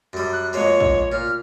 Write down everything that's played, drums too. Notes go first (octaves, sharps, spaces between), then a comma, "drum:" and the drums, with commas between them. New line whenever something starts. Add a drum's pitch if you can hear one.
F#2 G3
F#6
F2 G#3 A#3 C#5
drum: kick
A#2 F6